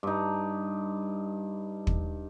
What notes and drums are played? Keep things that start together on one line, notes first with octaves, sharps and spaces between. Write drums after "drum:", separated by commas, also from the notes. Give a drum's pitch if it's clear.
G2 D#4
drum: kick